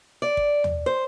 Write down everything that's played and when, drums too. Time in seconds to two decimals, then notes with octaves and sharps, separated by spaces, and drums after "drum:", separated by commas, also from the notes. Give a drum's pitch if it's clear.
0.22 D5
0.37 drum: kick
0.64 drum: tom
0.86 C5